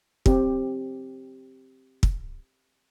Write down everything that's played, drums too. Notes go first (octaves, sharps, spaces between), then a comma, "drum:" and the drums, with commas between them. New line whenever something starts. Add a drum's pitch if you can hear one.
C4 G4, drum: kick
drum: kick